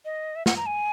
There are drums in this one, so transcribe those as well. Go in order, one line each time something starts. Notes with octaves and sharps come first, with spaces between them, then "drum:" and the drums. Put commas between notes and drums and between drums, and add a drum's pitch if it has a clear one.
D#5
E5
F#5, drum: snare
A#5
G#5